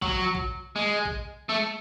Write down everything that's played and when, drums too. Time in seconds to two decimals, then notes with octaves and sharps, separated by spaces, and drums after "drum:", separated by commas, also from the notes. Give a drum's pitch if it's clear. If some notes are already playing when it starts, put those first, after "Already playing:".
0.02 F#3, drum: kick A1
0.35 drum: kick A1
0.76 G#3
1.05 drum: kick A1
1.49 A3